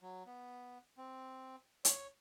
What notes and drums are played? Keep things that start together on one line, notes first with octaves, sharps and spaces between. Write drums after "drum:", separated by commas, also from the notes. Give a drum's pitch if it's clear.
F#3
B3
C4
C#5, drum: hi-hat